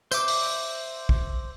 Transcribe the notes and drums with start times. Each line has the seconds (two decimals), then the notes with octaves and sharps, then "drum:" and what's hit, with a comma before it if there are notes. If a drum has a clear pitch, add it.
0.12 C5 E5 D6, drum: tambourine
0.28 drum: open hi-hat
1.09 drum: kick